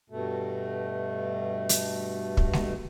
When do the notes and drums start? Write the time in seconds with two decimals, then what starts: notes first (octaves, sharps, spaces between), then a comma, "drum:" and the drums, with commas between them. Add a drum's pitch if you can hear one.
0.10 G2 B2 A3
1.69 drum: hi-hat
2.37 drum: kick
2.53 drum: snare